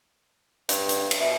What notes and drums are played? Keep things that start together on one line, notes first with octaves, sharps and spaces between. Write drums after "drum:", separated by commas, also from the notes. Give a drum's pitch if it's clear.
G2, drum: hi-hat
drum: hi-hat
drum: cymbal
B2 E5